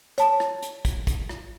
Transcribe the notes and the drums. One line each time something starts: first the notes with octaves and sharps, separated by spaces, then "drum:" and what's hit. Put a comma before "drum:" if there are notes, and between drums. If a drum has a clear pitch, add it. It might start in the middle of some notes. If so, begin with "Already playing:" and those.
C#5 A5, drum: hi-hat
drum: rim click
drum: hi-hat
drum: kick, hi-hat
drum: kick, hi-hat
drum: rim click